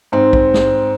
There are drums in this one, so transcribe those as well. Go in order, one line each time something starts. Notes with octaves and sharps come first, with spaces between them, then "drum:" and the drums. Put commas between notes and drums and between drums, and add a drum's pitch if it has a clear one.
G#2 C4
drum: kick
drum: snare